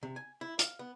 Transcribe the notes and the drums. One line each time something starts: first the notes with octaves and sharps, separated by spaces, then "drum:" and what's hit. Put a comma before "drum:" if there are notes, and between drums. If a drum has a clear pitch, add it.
C3
G#5
E4
F5, drum: hi-hat
B3